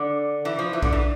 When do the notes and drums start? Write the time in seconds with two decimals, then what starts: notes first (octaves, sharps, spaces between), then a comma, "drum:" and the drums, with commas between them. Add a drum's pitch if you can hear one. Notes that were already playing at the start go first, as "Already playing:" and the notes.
Already playing: D3
0.45 E3
0.59 F3
0.73 E3
0.82 D3, drum: kick A#1
0.93 E3